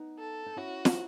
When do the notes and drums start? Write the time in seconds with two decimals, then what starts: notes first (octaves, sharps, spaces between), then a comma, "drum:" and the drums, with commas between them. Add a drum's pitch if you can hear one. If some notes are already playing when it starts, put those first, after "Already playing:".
Already playing: B3 D#4
0.19 A4
0.46 D#4
0.56 C#4 E4 F#4
0.85 drum: snare